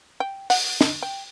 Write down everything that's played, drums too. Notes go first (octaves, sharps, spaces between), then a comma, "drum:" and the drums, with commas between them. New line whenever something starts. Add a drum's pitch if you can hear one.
G5
F#5, drum: open hi-hat
drum: snare
G5